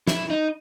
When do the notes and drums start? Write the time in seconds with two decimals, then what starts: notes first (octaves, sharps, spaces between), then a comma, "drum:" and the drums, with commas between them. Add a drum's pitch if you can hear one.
0.07 E4, drum: snare
0.30 D#4